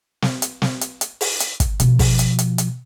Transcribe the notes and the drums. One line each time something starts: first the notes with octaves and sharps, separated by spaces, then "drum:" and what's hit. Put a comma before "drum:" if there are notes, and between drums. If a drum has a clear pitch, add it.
drum: snare
drum: hi-hat
drum: snare
drum: hi-hat
drum: hi-hat
drum: open hi-hat
drum: hi-hat
drum: kick, hi-hat
B2 F3, drum: hi-hat
drum: kick, open hi-hat
drum: hi-hat
drum: hi-hat
drum: hi-hat